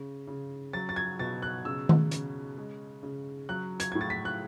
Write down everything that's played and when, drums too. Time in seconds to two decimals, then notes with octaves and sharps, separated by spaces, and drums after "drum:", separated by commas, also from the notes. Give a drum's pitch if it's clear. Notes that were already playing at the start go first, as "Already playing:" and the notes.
Already playing: C#3
0.27 C#3
0.73 F#3 A6
0.89 A6
0.96 G#6
1.19 B2 A6
1.42 F#6
1.65 C#3 E6
1.89 drum: tom D#3
2.11 C#3, drum: hi-hat
2.57 G#3
3.03 C#3
3.49 F#3 F#6
3.80 G#6, drum: hi-hat
3.92 A2 G#6
4.01 A6
4.10 B6
4.25 F#6